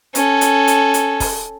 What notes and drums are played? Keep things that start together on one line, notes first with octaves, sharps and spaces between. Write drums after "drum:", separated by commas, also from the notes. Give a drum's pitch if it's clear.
C#4 A4, drum: hi-hat
drum: hi-hat
drum: hi-hat
drum: hi-hat
drum: kick, open hi-hat